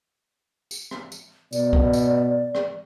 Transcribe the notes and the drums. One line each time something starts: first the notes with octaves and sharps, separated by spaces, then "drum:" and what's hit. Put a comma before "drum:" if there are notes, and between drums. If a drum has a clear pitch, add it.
drum: tambourine
drum: rim click
drum: tambourine
B2 D5, drum: tambourine
drum: kick
drum: tambourine
drum: rim click